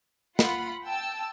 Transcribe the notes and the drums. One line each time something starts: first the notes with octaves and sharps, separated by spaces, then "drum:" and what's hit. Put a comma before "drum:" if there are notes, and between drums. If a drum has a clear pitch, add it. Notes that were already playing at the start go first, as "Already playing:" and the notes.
F4 F#5 B5, drum: snare
G5 A5 E6